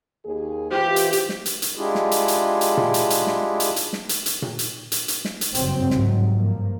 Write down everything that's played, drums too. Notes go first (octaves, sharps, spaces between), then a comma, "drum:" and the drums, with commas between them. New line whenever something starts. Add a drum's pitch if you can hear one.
D#2 G#4
E3 F4 G4 C5
drum: hi-hat
drum: hi-hat
drum: snare
drum: hi-hat
drum: hi-hat
G#3 D4 E4 F4 G4 G#4
drum: snare
drum: hi-hat
drum: hi-hat
drum: hi-hat
drum: tom A#2
drum: hi-hat
drum: hi-hat
drum: snare
drum: hi-hat
drum: hi-hat
drum: snare
drum: hi-hat
drum: hi-hat
drum: tom A#2
drum: hi-hat
drum: hi-hat
drum: hi-hat
drum: snare
drum: hi-hat
F#1 G2 C#3 F#3 C4, drum: hi-hat
C2 G#2 F#3, drum: snare
G2 F3 A#3